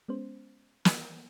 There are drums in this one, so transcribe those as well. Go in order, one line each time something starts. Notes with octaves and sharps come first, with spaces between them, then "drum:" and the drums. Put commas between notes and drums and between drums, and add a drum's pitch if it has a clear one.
G#3 B3 C#4 C5
drum: snare